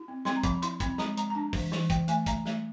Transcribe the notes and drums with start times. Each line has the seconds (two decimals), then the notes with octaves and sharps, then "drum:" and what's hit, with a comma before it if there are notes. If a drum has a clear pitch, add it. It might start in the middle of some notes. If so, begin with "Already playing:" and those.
Already playing: E4
0.08 C4
0.25 C4 C6, drum: snare
0.36 A#5
0.44 F3 B5, drum: kick, hi-hat
0.62 E4 C6, drum: hi-hat
0.80 C4 B5, drum: kick, hi-hat
0.98 G#3 A#5, drum: snare
1.17 G#3 A#5, drum: hi-hat
1.30 A#5
1.35 D4 A5
1.53 E3, drum: kick, open hi-hat
1.72 E3, drum: snare
1.90 E3 G5, drum: kick, hi-hat
2.08 A3 G#5, drum: hi-hat
2.26 A3 A#5, drum: kick, hi-hat
2.45 A3, drum: snare